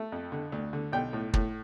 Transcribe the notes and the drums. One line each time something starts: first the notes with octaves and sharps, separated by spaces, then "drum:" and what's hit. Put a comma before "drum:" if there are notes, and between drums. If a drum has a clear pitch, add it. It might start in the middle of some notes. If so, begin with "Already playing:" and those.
Already playing: A3
F2
D3
D2
D3
B1 G5
A2
A2, drum: kick